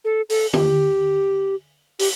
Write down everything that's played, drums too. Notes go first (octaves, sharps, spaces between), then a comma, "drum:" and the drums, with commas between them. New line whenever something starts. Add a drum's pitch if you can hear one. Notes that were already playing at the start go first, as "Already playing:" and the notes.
A4
A4, drum: open hi-hat
G4, drum: tom
G4, drum: open hi-hat